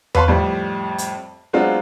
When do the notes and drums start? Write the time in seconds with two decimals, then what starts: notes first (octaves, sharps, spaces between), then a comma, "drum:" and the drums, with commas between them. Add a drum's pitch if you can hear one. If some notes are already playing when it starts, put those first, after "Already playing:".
0.15 B4 C#5 F5 A5 B5 C6, drum: tom E2
0.28 F2 A2 G3
0.98 drum: hi-hat
1.53 F#3 G#3 B3 C4 D4 F4